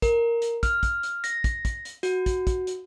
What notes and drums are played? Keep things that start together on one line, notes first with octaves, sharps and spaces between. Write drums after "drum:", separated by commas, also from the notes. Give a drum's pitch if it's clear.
A#4, drum: kick, hi-hat
drum: hi-hat
F6, drum: kick, hi-hat
drum: kick, hi-hat
drum: hi-hat
A#6, drum: hi-hat
drum: kick, hi-hat
drum: kick, hi-hat
drum: hi-hat
F#4, drum: hi-hat
drum: kick, hi-hat
drum: kick, hi-hat
drum: hi-hat